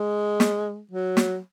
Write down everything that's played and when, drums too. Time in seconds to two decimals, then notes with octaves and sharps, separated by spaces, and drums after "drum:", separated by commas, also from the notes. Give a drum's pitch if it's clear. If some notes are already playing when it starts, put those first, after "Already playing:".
Already playing: G#3
0.40 drum: snare
0.91 F#3
1.17 drum: snare